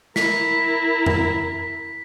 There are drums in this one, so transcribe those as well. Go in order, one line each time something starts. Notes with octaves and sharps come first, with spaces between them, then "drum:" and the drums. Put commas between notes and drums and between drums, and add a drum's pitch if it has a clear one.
E4 A#4 B6, drum: snare
drum: tom F2